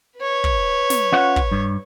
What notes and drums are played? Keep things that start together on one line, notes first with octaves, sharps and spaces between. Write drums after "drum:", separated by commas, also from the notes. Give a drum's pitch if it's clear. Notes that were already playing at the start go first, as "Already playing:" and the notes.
B4 C#5
drum: kick
drum: snare
C#4 F4 F#5
drum: kick
G2